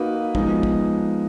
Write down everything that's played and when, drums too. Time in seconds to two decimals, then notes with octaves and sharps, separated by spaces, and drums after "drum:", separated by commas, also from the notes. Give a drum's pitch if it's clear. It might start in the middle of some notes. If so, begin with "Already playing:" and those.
Already playing: A#3 D#4 F#4 B4
0.35 F3 G#3 B3 D#4, drum: kick
0.63 drum: kick